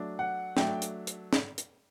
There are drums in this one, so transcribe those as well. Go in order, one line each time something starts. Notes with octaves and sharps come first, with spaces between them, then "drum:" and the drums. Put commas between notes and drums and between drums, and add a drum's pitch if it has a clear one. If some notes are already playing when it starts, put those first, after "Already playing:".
Already playing: F#3 A3 D4
F#5
F#3 A3 D4 G5, drum: snare
drum: hi-hat
drum: hi-hat
drum: snare
drum: hi-hat